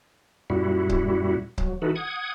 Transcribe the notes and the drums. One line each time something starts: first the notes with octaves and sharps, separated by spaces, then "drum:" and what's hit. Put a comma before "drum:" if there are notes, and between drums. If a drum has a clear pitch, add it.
F#2 A#2 G3 E4 F#4
drum: kick C#1
F#3, drum: kick C#1
E3 D#4 F#4 A4 B4
F#5 D#6 G#6